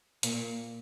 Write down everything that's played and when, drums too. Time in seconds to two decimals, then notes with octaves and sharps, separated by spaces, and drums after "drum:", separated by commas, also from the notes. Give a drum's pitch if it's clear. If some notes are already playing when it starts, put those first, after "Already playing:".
0.23 A#2, drum: hi-hat